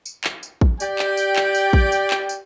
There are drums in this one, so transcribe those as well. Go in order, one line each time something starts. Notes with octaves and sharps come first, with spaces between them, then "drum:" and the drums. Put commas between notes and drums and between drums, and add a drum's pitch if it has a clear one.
drum: tambourine
drum: clap
drum: tambourine
drum: kick A1
G4 D5 G5, drum: tambourine
drum: clap
drum: tambourine
drum: clap
drum: tambourine
drum: kick A1
drum: tambourine
drum: clap
drum: tambourine